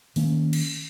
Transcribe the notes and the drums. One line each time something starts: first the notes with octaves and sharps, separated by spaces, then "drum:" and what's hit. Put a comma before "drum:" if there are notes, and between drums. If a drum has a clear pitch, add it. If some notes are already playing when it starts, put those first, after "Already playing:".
D#3 A#3 C#4, drum: open hi-hat
drum: cymbal